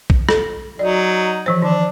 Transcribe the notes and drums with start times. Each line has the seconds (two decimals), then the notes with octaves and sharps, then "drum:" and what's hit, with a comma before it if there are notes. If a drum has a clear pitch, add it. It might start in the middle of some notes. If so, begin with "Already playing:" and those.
0.10 drum: kick
0.29 A4, drum: rim click
0.79 F#3 D#4 D5
1.46 E3 F3 C5
1.62 D#3 D4